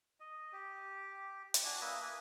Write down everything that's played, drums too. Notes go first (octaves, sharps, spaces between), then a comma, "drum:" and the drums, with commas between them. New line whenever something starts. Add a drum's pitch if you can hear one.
D#5
G4
drum: hi-hat
D4 F#4 G#5
A#3 B4 D#5 E5
G#5 D#6